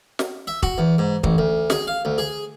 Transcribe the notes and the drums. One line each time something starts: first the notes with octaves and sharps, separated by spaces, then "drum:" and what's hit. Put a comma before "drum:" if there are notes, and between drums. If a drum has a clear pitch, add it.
drum: snare
E5
F#4, drum: kick
E2
G#2
A1, drum: kick
D2
G#4, drum: snare
F5
D2
G#4